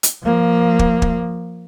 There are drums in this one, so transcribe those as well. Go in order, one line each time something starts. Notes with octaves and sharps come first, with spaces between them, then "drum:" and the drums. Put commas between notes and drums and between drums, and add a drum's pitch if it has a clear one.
drum: hi-hat
F3 A#3
drum: kick
drum: kick